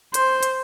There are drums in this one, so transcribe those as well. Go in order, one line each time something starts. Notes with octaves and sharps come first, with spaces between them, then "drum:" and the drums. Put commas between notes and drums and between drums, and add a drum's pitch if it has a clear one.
C5, drum: hi-hat
drum: hi-hat